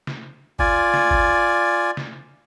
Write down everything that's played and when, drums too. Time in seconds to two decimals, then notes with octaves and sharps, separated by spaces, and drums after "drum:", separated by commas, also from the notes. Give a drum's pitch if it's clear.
0.07 drum: snare
0.59 F4 D5 G#5, drum: kick G1
0.94 drum: snare
1.11 drum: kick G1
1.97 drum: snare